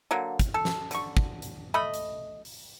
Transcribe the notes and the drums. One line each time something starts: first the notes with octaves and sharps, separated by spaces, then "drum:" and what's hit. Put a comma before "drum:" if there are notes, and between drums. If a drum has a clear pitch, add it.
D3 F#3 A#3
drum: kick, hi-hat
A4
drum: snare
D3 C#6, drum: hi-hat
drum: kick
drum: hi-hat
A3 D#5 B5
drum: hi-hat
drum: open hi-hat